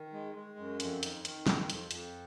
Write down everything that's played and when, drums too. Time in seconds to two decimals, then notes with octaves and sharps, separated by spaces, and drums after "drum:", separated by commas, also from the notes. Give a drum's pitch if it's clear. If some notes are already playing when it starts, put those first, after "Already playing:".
Already playing: D#3
0.13 G#3
0.35 G#3
0.58 F#2
0.80 F2, drum: hi-hat
1.03 D#3, drum: hi-hat
1.25 D#3, drum: hi-hat
1.47 F2, drum: snare
1.70 F2, drum: hi-hat
1.91 F2, drum: hi-hat